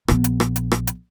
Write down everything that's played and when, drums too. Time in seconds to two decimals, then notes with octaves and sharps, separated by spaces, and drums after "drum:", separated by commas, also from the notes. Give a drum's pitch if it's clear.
0.08 A#1 B3, drum: rim click
0.24 drum: hi-hat
0.40 drum: rim click
0.56 drum: hi-hat
0.72 drum: rim click
0.87 drum: hi-hat